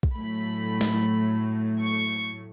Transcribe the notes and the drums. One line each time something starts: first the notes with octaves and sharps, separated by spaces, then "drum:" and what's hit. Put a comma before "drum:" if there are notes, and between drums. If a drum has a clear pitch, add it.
drum: kick B1
A2 F#3 A3 B5
drum: snare
C#6